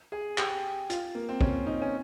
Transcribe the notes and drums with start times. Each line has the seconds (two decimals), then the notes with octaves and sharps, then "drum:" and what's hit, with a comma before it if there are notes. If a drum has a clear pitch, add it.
0.12 G#4
0.38 G4, drum: clap
0.90 F4, drum: hi-hat
1.15 A#3
1.29 C4
1.41 C#4, drum: kick
1.66 D#4
1.82 C#4